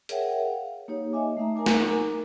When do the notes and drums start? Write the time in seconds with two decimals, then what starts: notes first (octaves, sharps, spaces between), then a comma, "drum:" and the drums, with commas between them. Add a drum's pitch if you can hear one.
0.09 G#4 A#4 C#5 E5 F#5 G5, drum: hi-hat
0.45 F5
0.88 A#3 D#4 G4 C#5
1.13 C#5 D#5 E5 G#5 D6
1.37 A3 D#4 E5 A#5
1.56 D#4 A#4 G#5 A#5 D6
1.66 drum: snare